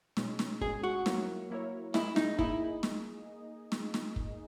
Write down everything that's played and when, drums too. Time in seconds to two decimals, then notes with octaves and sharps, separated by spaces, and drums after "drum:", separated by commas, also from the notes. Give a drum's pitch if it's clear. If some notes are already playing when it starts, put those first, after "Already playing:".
0.17 B2 G#3 C#4, drum: snare
0.39 drum: snare
0.61 B2 G#3 C#4 G#4, drum: kick
0.83 F#4
1.06 F#3 A#3 E4 A#4 C#5, drum: snare
1.50 F#3 A#3 E4 A#4 C#5
1.94 A#3 D#4 E4 G#4 D#5, drum: snare
2.16 D#4, drum: snare
2.39 A#3 D#4 E4 G#4 D#5, drum: kick
2.83 drum: snare
3.72 drum: snare
3.94 drum: snare
4.16 drum: kick